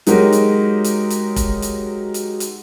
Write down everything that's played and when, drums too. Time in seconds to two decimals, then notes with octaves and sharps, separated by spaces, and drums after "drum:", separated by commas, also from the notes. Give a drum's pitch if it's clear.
0.07 F#3 G#3 D#4 F#4 G4 A#4, drum: hi-hat
0.32 drum: hi-hat
0.84 drum: hi-hat
1.10 drum: hi-hat
1.36 drum: kick F1, hi-hat
1.62 drum: hi-hat
2.14 drum: hi-hat
2.40 drum: hi-hat